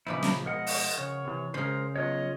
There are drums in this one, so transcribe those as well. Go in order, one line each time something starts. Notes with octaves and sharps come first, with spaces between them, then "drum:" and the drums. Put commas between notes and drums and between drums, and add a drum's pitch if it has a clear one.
A#2 C#3 F3 D#4 E4 B4 B5 D6
drum: snare
B2 G#3 A#4 D#5 F#5
drum: open hi-hat
C#3 C#5
C3 E3
C#3 G#3 C#4 G#4 A#4 C5
F#3 B3 F4 C#5 D#5